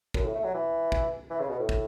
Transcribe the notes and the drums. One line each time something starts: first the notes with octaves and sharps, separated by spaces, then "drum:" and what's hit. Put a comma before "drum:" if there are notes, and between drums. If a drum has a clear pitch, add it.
F#2, drum: kick
A2
A3
F#3
E3
drum: kick
E3
C#3
B2
A2
drum: kick